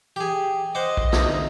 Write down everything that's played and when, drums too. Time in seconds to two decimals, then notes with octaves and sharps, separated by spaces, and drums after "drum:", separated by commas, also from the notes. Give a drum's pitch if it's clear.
0.16 G4 G#4
0.75 C5 D#5 F#5 D6
0.97 drum: kick A#1
1.13 D2 D3 D#4, drum: snare